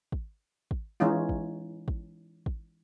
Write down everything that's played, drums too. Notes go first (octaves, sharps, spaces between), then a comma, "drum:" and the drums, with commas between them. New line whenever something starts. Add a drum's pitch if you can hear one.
drum: kick
drum: kick
E3 G#3 C#4 D#4 F4
drum: kick
drum: kick
drum: kick